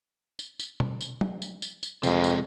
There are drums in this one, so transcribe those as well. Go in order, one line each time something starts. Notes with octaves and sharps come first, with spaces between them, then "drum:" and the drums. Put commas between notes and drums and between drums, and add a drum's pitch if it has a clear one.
drum: tambourine
drum: tambourine
drum: tom B2
drum: tambourine
drum: tom
drum: tambourine
drum: tambourine
drum: tambourine
F2 C3 G#3, drum: tambourine
drum: tambourine